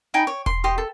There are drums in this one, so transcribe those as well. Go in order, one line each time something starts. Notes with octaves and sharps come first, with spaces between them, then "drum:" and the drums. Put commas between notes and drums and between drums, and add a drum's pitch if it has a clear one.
D#4 G5 G#5 B5
C#5
C6, drum: kick E1
G4 D#5 C6
A4